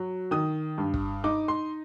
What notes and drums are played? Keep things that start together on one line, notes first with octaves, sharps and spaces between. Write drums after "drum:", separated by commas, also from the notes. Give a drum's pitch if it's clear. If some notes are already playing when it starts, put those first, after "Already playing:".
Already playing: F#3
D#3 D#6
G2
drum: kick
D#4 D6
C6